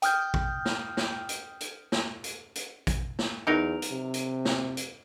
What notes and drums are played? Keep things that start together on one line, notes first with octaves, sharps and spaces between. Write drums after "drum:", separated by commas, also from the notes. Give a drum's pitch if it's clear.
G5 D#6 F6 G6, drum: hi-hat
drum: kick A1
drum: snare
drum: snare
drum: hi-hat
drum: hi-hat
drum: snare
drum: hi-hat
drum: hi-hat
drum: kick A1, hi-hat
drum: snare
E2 F#3 D#4 A#4
drum: hi-hat
C3
drum: hi-hat
drum: snare
drum: hi-hat